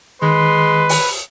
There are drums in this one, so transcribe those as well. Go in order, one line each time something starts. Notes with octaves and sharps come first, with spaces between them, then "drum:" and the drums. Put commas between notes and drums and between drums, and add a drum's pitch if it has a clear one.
D#3 G#3 B4 C6
drum: open hi-hat